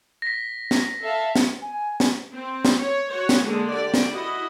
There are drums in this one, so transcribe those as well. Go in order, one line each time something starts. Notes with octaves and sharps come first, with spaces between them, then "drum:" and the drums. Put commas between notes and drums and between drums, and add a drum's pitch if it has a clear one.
A#6 B6
drum: snare
A4 E5 F5
drum: snare
G#5
drum: snare
C4
drum: snare
C#5
F#4 C#5
drum: snare
D3 G#3 A#3
G4 D5
drum: snare
E4 F#4 D#5